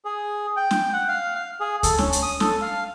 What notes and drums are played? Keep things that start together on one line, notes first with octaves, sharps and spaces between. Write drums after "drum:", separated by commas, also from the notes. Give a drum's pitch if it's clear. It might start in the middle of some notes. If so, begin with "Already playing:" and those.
G#4
G5
drum: snare
F#5
F5
F5
G#4
A4, drum: kick D2, hi-hat
C#4, drum: snare
drum: hi-hat
D#6
A4, drum: snare
F5